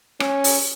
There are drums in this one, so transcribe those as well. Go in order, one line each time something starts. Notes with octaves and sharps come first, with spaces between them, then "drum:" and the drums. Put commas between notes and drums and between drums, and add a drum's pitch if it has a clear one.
C#4, drum: rim click
drum: open hi-hat